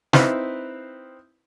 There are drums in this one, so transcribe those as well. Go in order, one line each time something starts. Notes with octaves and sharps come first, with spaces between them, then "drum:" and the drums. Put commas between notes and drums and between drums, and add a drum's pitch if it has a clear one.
C4 D#4 E4 B4 F5, drum: snare